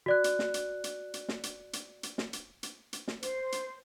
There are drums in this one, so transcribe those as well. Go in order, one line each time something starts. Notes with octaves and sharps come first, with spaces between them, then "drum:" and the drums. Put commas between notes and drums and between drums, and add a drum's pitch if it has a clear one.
F#4 D5 F#6
drum: hi-hat
drum: snare
drum: hi-hat
drum: hi-hat
drum: hi-hat
drum: snare
drum: hi-hat
drum: hi-hat
drum: hi-hat
drum: snare
drum: hi-hat
drum: hi-hat
drum: hi-hat
drum: snare
C5, drum: hi-hat
drum: hi-hat